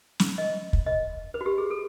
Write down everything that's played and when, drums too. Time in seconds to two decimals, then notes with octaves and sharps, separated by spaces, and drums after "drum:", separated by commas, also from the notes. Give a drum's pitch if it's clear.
0.20 drum: snare
0.38 D#5
0.73 drum: kick
0.86 D#5
1.34 B4
1.41 F#4
1.46 G4
1.58 G#4
1.70 A4